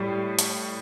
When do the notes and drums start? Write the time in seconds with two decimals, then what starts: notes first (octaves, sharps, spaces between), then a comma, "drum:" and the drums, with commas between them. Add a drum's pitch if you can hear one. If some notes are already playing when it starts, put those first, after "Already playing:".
Already playing: A2 G3
0.39 drum: hi-hat